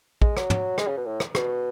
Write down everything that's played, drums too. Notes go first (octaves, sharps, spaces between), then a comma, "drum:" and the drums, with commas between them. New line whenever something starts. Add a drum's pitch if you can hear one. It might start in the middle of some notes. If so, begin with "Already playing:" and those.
G#3, drum: kick
F#3, drum: rim click
drum: tom
G#3, drum: rim click
C#3
B2
A2
drum: rim click
B2, drum: rim click